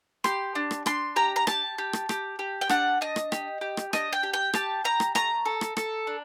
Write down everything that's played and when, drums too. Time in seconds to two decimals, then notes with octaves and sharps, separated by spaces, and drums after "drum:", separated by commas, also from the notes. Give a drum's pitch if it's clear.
0.24 G4 C6, drum: rim click
0.55 D4
0.71 drum: rim click
0.86 D4 C6, drum: rim click
1.16 G4 A#5
1.36 A#5
1.47 G4 A5, drum: rim click
1.78 G4
1.93 drum: rim click
2.09 G4, drum: rim click
2.39 G4
2.61 G5
2.69 D4 F#5, drum: rim click
3.01 D4 D#5
3.16 drum: rim click
3.32 G4, drum: rim click
3.61 G4
3.77 drum: rim click
3.93 D4 D#5, drum: rim click
4.13 G5
4.23 G4
4.34 G5
4.53 G4 A5, drum: rim click
4.84 G4 A#5
5.00 drum: rim click
5.15 A3 A#5, drum: rim click
5.45 A4
5.61 drum: rim click
5.77 A4, drum: rim click
6.07 D4